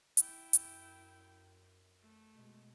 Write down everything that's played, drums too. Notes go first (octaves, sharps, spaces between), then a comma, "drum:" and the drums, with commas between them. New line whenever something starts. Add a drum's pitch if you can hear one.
E4 G5, drum: hi-hat
F#2, drum: hi-hat
A3
B2 G#3